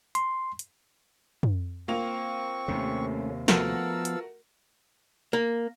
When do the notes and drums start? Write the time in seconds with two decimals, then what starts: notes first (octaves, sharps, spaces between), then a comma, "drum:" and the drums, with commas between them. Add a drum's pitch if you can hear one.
0.15 C6, drum: hi-hat
0.59 drum: hi-hat
1.43 drum: tom
1.88 A#3 C4 F4 C#6 F7
2.68 D#2 C3 A3 C#4
3.48 F3 A3 B3 F#4 A#4 F5 A5 E6, drum: snare
4.05 drum: hi-hat
5.33 A#3